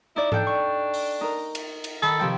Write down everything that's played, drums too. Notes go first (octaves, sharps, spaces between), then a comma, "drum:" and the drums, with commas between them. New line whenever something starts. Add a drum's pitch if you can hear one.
D#4 E4 D5
D4 A4 G5 G6, drum: tom G#2
C#6
drum: open hi-hat
D#4 A#4
drum: cymbal
drum: cymbal
D#3 A4 B5
C3 F3 G5